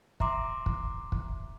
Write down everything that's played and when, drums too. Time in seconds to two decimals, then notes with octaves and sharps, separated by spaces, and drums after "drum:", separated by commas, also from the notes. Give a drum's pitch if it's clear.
0.20 E5 A#5 C6 D6, drum: kick
0.66 drum: kick
1.12 drum: kick